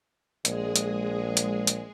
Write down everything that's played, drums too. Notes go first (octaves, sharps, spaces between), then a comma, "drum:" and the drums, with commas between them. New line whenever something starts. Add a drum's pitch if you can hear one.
A#1 G#3 G#4, drum: hi-hat
drum: hi-hat
drum: hi-hat
drum: hi-hat